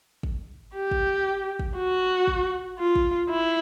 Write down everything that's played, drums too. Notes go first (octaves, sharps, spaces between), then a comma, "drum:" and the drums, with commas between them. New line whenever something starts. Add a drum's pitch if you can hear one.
drum: kick
G4
drum: kick
drum: kick
F#4
drum: kick
F4
drum: kick
E4